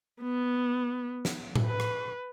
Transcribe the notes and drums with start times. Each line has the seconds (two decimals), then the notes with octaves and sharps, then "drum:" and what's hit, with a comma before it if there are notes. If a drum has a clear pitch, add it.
0.22 B3
1.25 drum: snare
1.56 drum: tom A2
1.65 B4
1.80 drum: rim click